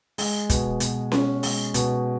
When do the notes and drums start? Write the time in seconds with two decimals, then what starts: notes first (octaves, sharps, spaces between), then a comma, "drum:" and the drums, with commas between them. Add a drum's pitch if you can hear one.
0.18 G#3, drum: open hi-hat
0.50 B2, drum: kick, hi-hat
0.80 B2, drum: hi-hat
1.12 C#4, drum: snare C#4
1.43 G#3, drum: open hi-hat
1.74 B2, drum: hi-hat